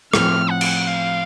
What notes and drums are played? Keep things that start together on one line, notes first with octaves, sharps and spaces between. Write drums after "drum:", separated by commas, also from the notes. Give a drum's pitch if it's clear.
A2 F3 C4 F6, drum: rim click
F#5
drum: cymbal
F5